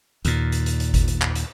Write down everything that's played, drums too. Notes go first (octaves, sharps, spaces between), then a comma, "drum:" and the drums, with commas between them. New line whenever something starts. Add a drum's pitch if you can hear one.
D#2 A#2, drum: hi-hat
drum: hi-hat
drum: hi-hat
drum: hi-hat
drum: kick G#1, hi-hat
drum: hi-hat
drum: clap
drum: hi-hat